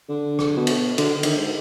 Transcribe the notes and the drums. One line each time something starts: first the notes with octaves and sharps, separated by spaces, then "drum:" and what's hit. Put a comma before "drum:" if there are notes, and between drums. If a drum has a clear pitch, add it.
D3
drum: rim click
B2
drum: cymbal
D3, drum: cymbal
D#3, drum: cymbal
G#2